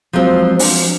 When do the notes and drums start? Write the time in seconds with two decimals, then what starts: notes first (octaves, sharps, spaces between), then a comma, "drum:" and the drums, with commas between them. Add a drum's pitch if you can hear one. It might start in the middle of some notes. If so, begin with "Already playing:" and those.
0.13 F3 F#3 G#3 C4
0.59 F3 D4, drum: open hi-hat